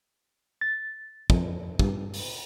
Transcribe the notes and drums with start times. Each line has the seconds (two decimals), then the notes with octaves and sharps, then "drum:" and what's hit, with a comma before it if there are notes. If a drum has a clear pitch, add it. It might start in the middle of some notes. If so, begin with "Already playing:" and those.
0.61 A6
1.30 F2, drum: kick
1.79 G2, drum: kick
2.14 drum: open hi-hat